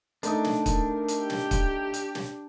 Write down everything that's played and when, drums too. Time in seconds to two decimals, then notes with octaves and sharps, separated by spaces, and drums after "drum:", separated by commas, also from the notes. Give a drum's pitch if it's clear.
0.23 A3 D4 D#4 A#4 D#6, drum: hi-hat
0.44 drum: snare
0.66 drum: kick, hi-hat
1.08 drum: hi-hat
1.20 G4
1.30 drum: snare
1.51 drum: kick, hi-hat
1.94 drum: hi-hat
2.15 drum: snare